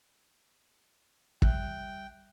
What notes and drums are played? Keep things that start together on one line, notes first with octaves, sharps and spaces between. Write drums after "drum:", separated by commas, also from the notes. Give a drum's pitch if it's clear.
G3 E5 G5 F#6, drum: kick